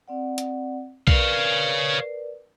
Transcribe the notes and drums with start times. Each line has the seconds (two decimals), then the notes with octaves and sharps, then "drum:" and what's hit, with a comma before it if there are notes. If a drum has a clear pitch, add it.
0.08 C4 D5 F#5
0.38 drum: hi-hat
1.07 A#4 B4 C#5 D5 F5, drum: kick B1